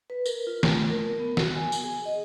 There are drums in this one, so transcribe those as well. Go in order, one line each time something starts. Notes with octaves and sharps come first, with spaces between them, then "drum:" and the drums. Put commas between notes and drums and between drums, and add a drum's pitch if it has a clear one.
B4
A#4, drum: tambourine
F4
A3, drum: snare
A#4
B3
F#4, drum: snare
G#5
drum: tambourine
G#4
D#5